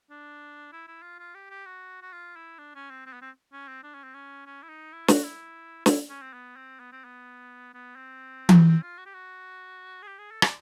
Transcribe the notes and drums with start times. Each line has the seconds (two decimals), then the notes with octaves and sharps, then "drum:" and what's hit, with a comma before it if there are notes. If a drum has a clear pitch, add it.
0.10 D4
0.73 E4
0.88 E4
1.03 F4
1.19 F4
1.35 G4
1.50 G4
1.66 F#4
2.02 F#4
2.13 F4
2.36 E4
2.59 D4
2.75 C#4
2.90 C4
3.06 C4
3.13 B3
3.22 C4
3.52 C#4
3.68 C4
3.83 D4
3.94 C#4
4.04 C4
4.15 C#4
4.46 C#4
4.63 E4
4.69 D#4
4.93 E4
5.08 F#4, drum: snare
5.24 E4
5.86 E4, drum: snare
6.09 C#4
6.22 C4
6.33 B3
6.56 C4
6.80 B3
6.92 C4
7.05 B3
7.74 B3
7.96 C4
8.49 drum: tom E3
8.67 C4
8.83 F4
8.98 F#4
9.06 G4
9.14 F#4
10.03 G#4
10.07 G4
10.19 G#4
10.31 A4
10.42 D5, drum: rim click